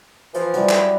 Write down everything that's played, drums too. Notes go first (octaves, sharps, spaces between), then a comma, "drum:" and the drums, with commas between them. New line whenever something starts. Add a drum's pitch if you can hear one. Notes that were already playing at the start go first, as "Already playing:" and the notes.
E3 F3, drum: hi-hat
F#3 G3 E4, drum: hi-hat
drum: clap